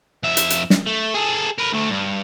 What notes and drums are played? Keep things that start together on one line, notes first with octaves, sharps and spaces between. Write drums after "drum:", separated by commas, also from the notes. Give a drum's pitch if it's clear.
F2 E5
drum: hi-hat
drum: hi-hat
drum: snare
A3
G#4 A4
A#4 B4
D2 A3
G2